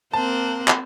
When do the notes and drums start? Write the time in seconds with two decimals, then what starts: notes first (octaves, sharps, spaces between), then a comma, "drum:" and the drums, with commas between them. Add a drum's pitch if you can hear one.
0.13 A#3 C4 C5 A5 F#6
0.68 drum: clap